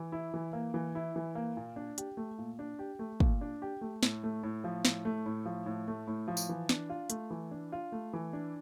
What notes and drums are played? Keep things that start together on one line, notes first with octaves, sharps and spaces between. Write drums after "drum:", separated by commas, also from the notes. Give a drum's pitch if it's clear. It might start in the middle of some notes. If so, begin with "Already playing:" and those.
Already playing: E3
E4
E3
A#3
E3
E4
E3
A#3
A#2
D4
G4, drum: hi-hat
A3
A#2
D4
G4
A3
A#2, drum: kick
D4
G4
A3
A2, drum: snare
A3
A2
F3
A2, drum: snare
A3
A2
F3
A2
A3
A2
F3
drum: tambourine
E3
D4, drum: snare
F4
A3, drum: hi-hat
E3
D4
F4
A3
E3
D4